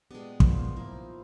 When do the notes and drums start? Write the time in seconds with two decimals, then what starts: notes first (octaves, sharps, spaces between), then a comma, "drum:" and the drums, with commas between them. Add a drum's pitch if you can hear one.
0.11 A#2 G#3 B3 D4 G4
0.40 F4 A#4 C5, drum: kick
0.76 F3 A#3 D#4 E4